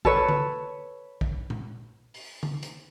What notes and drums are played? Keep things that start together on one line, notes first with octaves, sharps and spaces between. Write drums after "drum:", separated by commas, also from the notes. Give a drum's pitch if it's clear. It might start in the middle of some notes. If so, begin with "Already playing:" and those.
A4 B4 C#5, drum: kick
drum: tom D3
drum: kick
drum: tom A#2
drum: open hi-hat
drum: tom D3
drum: hi-hat